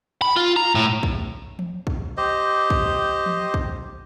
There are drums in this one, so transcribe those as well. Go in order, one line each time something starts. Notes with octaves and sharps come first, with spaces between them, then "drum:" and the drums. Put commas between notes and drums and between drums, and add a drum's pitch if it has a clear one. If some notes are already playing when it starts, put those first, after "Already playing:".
B5
F4
A#5
A2
drum: kick
drum: tom E3
drum: kick
G4 C5 D#5
drum: kick
drum: tom E3
drum: kick